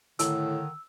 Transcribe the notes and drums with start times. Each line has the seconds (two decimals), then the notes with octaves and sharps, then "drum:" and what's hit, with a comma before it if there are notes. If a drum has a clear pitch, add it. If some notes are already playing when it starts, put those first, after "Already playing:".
0.19 A2 D3 D#3 E6, drum: hi-hat